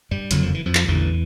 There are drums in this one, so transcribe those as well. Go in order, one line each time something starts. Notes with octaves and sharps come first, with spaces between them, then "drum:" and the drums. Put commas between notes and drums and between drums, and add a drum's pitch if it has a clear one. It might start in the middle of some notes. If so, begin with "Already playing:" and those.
G2 G3
F#1 F2 D3 F#3, drum: hi-hat
F3
E3
F2 F3
drum: clap
A1 E2 G2 D3 E3